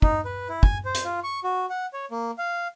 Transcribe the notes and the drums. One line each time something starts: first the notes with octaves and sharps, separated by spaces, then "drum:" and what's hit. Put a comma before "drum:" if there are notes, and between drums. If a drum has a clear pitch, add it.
D#4, drum: kick
B4
E4
G#5, drum: kick
C5
drum: hi-hat
F4
C#6
F#4
F#5
C#5
A#3
F5